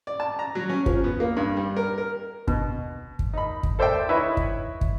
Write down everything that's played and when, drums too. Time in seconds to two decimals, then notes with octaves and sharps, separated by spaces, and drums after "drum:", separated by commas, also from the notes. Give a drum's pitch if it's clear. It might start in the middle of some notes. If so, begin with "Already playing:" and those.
0.07 D5
0.20 A5
0.39 A#5
0.55 F#3
0.69 C#4
0.86 F3, drum: kick
1.04 B3
1.20 A#3
1.37 G2
1.57 G3
1.76 A#4
1.98 A#4
2.47 B2, drum: kick
3.19 drum: kick
3.33 D#4 B5
3.63 drum: kick
3.79 A4 C5 D5 E5 G5
4.09 D#4 E4 B4 C#5 D#5 E5
4.37 drum: kick
4.81 drum: kick